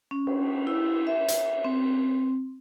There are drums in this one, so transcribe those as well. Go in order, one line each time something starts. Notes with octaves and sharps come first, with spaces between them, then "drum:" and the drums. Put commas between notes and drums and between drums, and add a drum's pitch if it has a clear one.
C#4
drum: cymbal
E4
E5
drum: hi-hat
C4